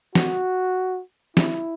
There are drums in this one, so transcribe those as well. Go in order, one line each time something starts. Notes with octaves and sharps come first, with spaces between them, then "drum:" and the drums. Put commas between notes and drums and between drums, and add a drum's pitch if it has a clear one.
F#4, drum: snare
E4, drum: snare